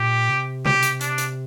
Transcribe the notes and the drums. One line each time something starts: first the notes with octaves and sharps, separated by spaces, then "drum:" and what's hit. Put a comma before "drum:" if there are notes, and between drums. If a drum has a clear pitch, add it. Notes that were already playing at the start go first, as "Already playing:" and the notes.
Already playing: A#2 G4
C3
G4, drum: tom B2
drum: hi-hat
D4, drum: hi-hat
drum: hi-hat